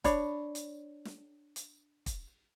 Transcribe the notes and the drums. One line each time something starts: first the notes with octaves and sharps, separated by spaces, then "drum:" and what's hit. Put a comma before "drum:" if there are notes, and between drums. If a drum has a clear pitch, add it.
D4 C#5 B5, drum: kick, hi-hat
drum: hi-hat
drum: snare
drum: hi-hat
drum: kick, hi-hat